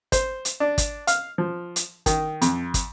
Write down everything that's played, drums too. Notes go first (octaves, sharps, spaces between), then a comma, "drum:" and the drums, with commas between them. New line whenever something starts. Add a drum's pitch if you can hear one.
C5, drum: kick, hi-hat
drum: hi-hat
D4
drum: kick, hi-hat
F5, drum: hi-hat
F3
drum: hi-hat
D#3, drum: kick, hi-hat
F2, drum: hi-hat
drum: kick, hi-hat